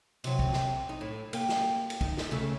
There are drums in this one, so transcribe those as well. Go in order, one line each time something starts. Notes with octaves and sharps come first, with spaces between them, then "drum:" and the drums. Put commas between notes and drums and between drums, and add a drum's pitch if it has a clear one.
C3 F#3, drum: cymbal
drum: kick
drum: snare
D#4
A2
A#3 G4, drum: cymbal
drum: snare
drum: cymbal
D#4, drum: kick
drum: snare
C#3 A3